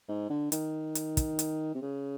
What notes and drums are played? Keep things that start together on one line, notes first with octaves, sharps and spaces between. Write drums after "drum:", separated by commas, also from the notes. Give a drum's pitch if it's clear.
G#2
D3
D#3, drum: hi-hat
drum: hi-hat
drum: kick, hi-hat
drum: hi-hat
C3
C#3